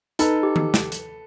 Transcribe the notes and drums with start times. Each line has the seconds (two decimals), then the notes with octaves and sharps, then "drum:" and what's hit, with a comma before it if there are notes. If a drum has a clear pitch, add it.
0.19 D#4 A4 B4, drum: hi-hat
0.43 G4
0.56 drum: tom D#3
0.74 drum: snare
0.92 drum: hi-hat